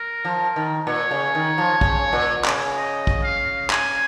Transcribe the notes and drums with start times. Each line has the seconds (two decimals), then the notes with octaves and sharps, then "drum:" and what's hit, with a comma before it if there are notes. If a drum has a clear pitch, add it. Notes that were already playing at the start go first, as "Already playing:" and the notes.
Already playing: A#4
0.25 F3
0.56 D#3
0.87 A#2 C#5
1.11 C#3
1.35 D#3
1.58 F3
1.81 C#3, drum: kick
2.13 A#2
2.45 C#3, drum: clap
2.76 D#5
3.07 drum: kick
3.23 F5
3.70 G#5, drum: clap